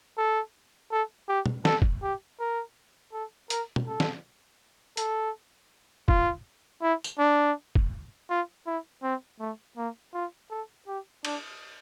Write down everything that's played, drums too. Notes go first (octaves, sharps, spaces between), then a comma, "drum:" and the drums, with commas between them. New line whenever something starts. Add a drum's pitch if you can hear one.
A4
A4
G4
drum: tom
A4, drum: snare
drum: kick
G4
A#4
A4
A#4, drum: hi-hat
drum: tom
A4
drum: snare
A4, drum: hi-hat
F4, drum: kick
E4
drum: tambourine
D4
drum: kick
F4
E4
C4
A3
A#3
F4
A4
G4
D4, drum: cymbal